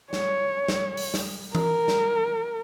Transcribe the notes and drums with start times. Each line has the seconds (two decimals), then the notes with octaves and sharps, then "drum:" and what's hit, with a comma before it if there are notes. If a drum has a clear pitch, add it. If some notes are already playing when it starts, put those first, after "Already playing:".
0.13 C#5, drum: snare
0.68 drum: snare
0.97 drum: open hi-hat
1.14 drum: snare
1.55 A#4, drum: tom E3
1.88 drum: snare